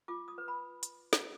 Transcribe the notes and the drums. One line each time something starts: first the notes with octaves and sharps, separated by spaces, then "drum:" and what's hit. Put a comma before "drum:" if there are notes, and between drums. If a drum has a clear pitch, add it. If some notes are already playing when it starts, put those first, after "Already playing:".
F4 D6
D#6
B4
B5
drum: hi-hat
drum: snare